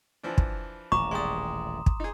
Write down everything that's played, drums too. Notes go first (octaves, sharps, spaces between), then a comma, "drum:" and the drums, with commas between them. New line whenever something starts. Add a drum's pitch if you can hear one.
E3 F3 D4
drum: kick
D#1 A1 A#5 C#6 D6 E7
G#3 G4 D5 C6 D#6
drum: kick
D#4 G#4